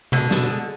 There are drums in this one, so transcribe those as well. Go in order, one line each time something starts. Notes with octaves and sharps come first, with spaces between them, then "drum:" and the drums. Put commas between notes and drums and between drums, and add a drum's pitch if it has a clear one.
B2 D3, drum: tom C3
B2, drum: snare
G#3